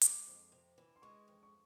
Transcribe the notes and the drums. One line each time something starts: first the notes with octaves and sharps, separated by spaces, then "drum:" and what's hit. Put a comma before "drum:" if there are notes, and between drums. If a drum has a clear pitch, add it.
G#3 D6, drum: hi-hat
F2
C3
E3
C6
G#3 C#6
F2
C#6